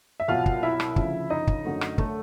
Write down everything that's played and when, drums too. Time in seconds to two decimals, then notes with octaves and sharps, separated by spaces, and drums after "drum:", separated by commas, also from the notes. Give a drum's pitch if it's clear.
0.20 E5
0.28 C2 B2 F#3 F4 F5
0.46 drum: kick
0.63 E4 E5
0.80 drum: rim click
0.96 D2 C#3 F3, drum: kick
1.30 D#4 D#5
1.47 drum: kick
1.65 F#2 D3 F#3 A3
1.81 drum: rim click
1.98 A3 A4, drum: kick